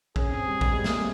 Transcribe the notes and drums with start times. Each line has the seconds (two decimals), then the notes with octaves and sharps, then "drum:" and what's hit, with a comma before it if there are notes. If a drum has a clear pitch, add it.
0.16 C#4 G#4, drum: kick
0.31 C4
0.46 G3
0.61 G3, drum: kick
0.73 G#3
0.84 A#3, drum: snare
0.95 C4